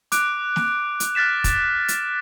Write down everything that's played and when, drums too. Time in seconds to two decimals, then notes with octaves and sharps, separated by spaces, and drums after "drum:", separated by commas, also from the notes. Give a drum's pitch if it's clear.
0.12 D6 F#6 D7, drum: hi-hat
0.56 drum: snare
1.00 drum: hi-hat
1.15 F6 F#6 A6 B6 E7
1.44 drum: kick, hi-hat
1.88 drum: hi-hat